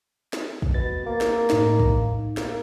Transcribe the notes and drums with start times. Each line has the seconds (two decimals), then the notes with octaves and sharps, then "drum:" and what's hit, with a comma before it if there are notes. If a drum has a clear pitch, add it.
0.33 drum: snare
0.62 drum: kick
0.74 B2 A6
1.06 A#3
1.21 drum: snare
1.50 A2 D#4, drum: snare
1.79 drum: kick
2.37 A#3, drum: snare